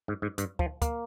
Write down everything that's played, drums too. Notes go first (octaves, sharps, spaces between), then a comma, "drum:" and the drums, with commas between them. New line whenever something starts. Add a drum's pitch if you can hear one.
G#2
G#2
G2, drum: hi-hat
F3, drum: kick
A#3, drum: kick, hi-hat